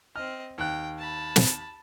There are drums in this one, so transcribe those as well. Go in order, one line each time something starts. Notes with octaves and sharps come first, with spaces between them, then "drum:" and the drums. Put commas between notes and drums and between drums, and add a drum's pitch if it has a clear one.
C4 D#5 F6
D#2 G5 F#6
A5 B5
drum: snare